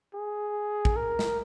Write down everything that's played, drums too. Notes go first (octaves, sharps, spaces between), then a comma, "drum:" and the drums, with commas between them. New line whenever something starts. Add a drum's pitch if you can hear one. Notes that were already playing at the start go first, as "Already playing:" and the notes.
G#4
drum: kick
A#4
drum: snare